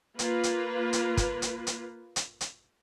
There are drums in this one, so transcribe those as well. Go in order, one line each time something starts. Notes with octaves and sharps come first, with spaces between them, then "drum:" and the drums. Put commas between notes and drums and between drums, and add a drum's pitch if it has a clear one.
A#3 F4 B4, drum: hi-hat
drum: hi-hat
drum: hi-hat
drum: kick, hi-hat
drum: hi-hat
drum: hi-hat
drum: hi-hat
drum: hi-hat